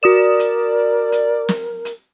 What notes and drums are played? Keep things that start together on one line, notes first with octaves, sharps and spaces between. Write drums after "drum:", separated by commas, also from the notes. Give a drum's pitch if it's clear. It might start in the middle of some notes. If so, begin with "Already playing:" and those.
F#4 A#4 D5 D#6 E7
drum: hi-hat
drum: hi-hat
drum: snare
drum: hi-hat